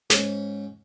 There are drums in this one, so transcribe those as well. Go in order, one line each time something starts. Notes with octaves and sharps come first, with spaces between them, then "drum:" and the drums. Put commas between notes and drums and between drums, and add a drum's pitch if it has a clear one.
G#2 C#4, drum: snare